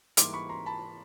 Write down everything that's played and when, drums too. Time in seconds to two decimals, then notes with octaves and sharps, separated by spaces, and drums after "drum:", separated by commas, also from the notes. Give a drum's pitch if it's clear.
0.17 G#2 E3 G3 A#3 C6 D6, drum: hi-hat
0.34 B5 C#6
0.49 A#5 C6
0.66 A5 B5